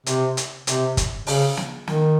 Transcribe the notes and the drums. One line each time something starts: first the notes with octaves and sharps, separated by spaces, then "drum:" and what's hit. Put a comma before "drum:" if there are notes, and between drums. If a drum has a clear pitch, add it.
C3, drum: hi-hat
drum: hi-hat
C3, drum: hi-hat
drum: kick, hi-hat
C#3, drum: open hi-hat
drum: snare
D#3, drum: snare